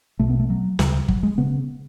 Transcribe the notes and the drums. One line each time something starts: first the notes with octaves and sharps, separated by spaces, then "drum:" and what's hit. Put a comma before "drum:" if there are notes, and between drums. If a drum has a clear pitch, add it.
B1 B2 A3
B3
A3
F#3
D2 C#3, drum: snare
F#3, drum: kick G1
G#3
C#3 B3